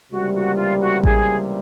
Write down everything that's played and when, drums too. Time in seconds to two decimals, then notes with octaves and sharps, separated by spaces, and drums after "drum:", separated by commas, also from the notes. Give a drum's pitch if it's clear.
0.10 C#2 C3 E3 G3 A#3 F#4
0.34 F#4
0.56 F4
0.80 F#4
1.03 G#4, drum: kick A1